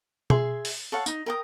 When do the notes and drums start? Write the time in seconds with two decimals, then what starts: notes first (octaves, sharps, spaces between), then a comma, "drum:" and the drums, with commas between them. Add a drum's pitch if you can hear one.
0.30 G#4 E5 C6, drum: tom
0.65 drum: open hi-hat
0.92 A4 C#5 F5 F#5
1.06 D#4, drum: tambourine
1.26 A#4 G5 D#6